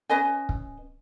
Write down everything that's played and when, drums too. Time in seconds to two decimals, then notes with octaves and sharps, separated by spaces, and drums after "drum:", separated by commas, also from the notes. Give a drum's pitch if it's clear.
0.09 C#4 B4 D#5 G#5
0.49 drum: kick